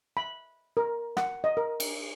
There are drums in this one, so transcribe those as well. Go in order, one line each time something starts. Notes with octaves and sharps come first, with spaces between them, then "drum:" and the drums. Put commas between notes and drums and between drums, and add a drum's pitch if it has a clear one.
B5
A#4
F#5, drum: rim click
D#5
A#4
drum: cymbal